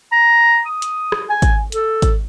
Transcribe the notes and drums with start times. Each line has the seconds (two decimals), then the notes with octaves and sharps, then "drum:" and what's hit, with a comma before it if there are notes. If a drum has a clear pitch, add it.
0.12 A#5
0.66 D#6
0.82 drum: hi-hat
1.12 drum: rim click
1.30 G#5
1.42 drum: kick G#1, hi-hat
1.72 A4, drum: hi-hat
2.02 drum: kick G#1, hi-hat